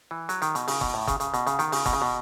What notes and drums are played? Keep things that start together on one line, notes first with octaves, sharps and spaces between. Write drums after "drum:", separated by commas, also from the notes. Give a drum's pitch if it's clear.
E3
F#3, drum: hi-hat
D#3, drum: hi-hat
B2, drum: hi-hat
C#3, drum: open hi-hat
B2, drum: kick F#1
A2
C#3, drum: kick F#1, hi-hat
C#3, drum: hi-hat
B2, drum: hi-hat
C#3, drum: hi-hat
D#3, drum: hi-hat
C#3, drum: open hi-hat
B2, drum: kick F#1, hi-hat
C#3
B2